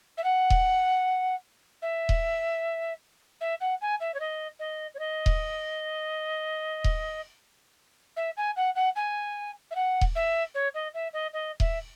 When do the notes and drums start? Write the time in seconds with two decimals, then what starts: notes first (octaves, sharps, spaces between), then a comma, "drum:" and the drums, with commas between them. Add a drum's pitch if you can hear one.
0.17 E5
0.24 F#5
0.50 drum: kick D#1
1.82 E5
2.09 drum: kick D#1
3.41 E5
3.61 F#5
3.81 G#5
4.00 E5
4.14 C#5
4.20 D#5
4.59 D#5
4.94 C#5
4.99 D#5
5.26 drum: kick D#1
6.84 drum: kick D#1
8.16 E5
8.37 G#5
8.56 F#5
8.75 F#5
8.95 G#5
9.71 E5
9.75 F#5
10.01 drum: kick D#1
10.15 E5
10.54 C#5
10.74 D#5
10.94 E5
11.13 D#5
11.33 D#5
11.60 E5, drum: kick D#1